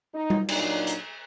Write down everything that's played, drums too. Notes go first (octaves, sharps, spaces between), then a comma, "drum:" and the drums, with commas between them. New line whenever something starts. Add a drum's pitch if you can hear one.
D#4
drum: tom G3
A#2 F#3 D4 D#4, drum: cymbal
drum: hi-hat